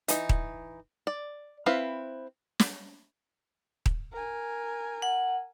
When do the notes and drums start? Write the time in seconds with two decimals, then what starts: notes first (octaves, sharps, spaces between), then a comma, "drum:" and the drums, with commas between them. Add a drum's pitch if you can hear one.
0.08 E3 D#4, drum: hi-hat
0.29 drum: kick D#1
1.07 D5
1.66 C4 E4 B4 F5
2.59 drum: snare
3.86 drum: kick D#1
4.13 A#4 G#5
5.02 F#5